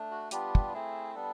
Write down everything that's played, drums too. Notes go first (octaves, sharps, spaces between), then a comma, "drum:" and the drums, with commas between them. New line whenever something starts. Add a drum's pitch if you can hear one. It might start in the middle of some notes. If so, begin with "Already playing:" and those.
Already playing: A3 D4
F#4
G3 B3 D4 F4 G4, drum: hi-hat
drum: kick
A3 C4 E4 G#4
G3 B3 D4 A4